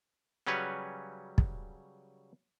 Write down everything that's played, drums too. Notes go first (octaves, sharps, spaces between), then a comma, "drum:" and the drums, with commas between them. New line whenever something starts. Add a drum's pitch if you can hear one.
C#3 F#3 G3 C#4 B4 C#5
drum: kick